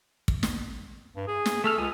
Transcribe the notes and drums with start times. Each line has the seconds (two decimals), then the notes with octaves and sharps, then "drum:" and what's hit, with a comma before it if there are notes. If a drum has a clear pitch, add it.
0.28 drum: kick
0.43 drum: snare
1.16 G2
1.27 G#4
1.46 drum: snare
1.64 A3 A4 E6 F6
1.78 C#2 G#5 D#6